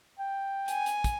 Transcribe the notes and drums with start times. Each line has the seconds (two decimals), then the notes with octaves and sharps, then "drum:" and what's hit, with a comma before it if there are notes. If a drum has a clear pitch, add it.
0.19 G5
0.68 G#5, drum: hi-hat
0.86 drum: hi-hat
1.04 drum: kick, hi-hat